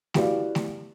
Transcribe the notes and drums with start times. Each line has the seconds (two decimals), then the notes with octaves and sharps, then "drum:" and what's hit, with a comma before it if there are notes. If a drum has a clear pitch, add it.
0.14 E4 F#4 G4 B4 D5 F5, drum: snare A3
0.55 drum: snare A3